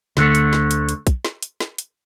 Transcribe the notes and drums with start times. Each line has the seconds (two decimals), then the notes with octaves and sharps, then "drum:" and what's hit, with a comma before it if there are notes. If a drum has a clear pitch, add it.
0.17 D2 D3 A3, drum: snare
0.35 drum: hi-hat
0.53 drum: snare
0.71 drum: hi-hat
0.89 drum: hi-hat
1.07 drum: kick, hi-hat
1.25 drum: snare
1.43 drum: hi-hat
1.60 drum: snare
1.78 drum: hi-hat